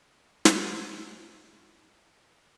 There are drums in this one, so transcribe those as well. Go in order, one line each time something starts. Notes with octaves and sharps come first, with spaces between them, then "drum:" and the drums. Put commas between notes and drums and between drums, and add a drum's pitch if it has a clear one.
C#4 D#6
drum: snare